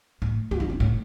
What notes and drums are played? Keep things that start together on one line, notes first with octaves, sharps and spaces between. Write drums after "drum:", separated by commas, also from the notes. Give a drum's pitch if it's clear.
A2
G2, drum: tom
E2
G2
A2